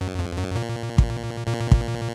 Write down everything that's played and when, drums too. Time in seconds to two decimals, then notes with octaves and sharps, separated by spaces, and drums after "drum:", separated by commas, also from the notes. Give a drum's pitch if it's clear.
0.01 F#2
0.19 F2
0.37 F#2
0.55 A#2
0.98 drum: kick
1.47 A#2
1.71 drum: kick